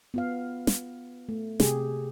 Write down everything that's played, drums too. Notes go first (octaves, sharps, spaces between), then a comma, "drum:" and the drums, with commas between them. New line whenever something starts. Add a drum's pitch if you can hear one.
B3 F4 F5
drum: snare
A3
C3 G4 G#4, drum: snare